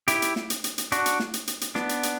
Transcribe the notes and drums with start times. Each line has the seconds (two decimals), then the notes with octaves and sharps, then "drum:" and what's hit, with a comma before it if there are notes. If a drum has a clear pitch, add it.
0.08 E4 G4, drum: hi-hat
0.22 drum: hi-hat
0.36 drum: snare
0.50 drum: hi-hat
0.64 drum: hi-hat
0.78 drum: hi-hat
0.92 D4 F#4, drum: hi-hat
1.06 drum: hi-hat
1.20 drum: snare
1.34 drum: hi-hat
1.47 drum: hi-hat
1.61 drum: hi-hat
1.75 B3 D4, drum: snare
1.89 drum: hi-hat
2.03 drum: hi-hat